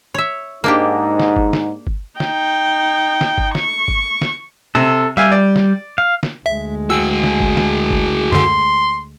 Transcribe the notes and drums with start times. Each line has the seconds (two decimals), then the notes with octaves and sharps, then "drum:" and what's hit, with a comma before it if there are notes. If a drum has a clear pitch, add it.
0.14 C#5 E5
0.64 G#2 A#3 D4 D#4 G4
1.20 drum: snare
1.36 drum: kick G1
1.53 drum: snare
1.87 drum: kick G1
2.20 D#4 G5, drum: snare
3.21 drum: snare
3.38 drum: kick G1
3.55 C#6, drum: snare
3.88 drum: kick G1
4.22 drum: snare
4.75 C3 A4
5.17 G3 E5 F5 G#5
5.32 D5
5.56 drum: snare
5.98 F5
6.23 drum: snare
6.46 D2 G#3 E5
6.90 F#4 G#4 E6
7.23 drum: snare
7.40 drum: kick G1
7.57 drum: snare
7.91 drum: kick G1
8.32 F#2 D3 C6